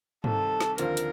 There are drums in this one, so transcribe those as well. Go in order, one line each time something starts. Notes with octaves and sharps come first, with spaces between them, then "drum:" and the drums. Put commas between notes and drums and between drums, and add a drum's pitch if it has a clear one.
C2 C3 D#3 A4, drum: tom
drum: snare
D#2 D3 F3 C4 F4 A#4, drum: hi-hat
drum: hi-hat